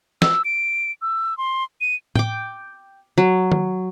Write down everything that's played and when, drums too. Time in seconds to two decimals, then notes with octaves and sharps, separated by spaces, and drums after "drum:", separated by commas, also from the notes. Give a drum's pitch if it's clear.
0.22 E6, drum: snare
0.45 D7
1.02 E6
1.38 C6
1.81 D#7
2.15 G5 D6, drum: tom A2
3.18 F#3
3.52 drum: tom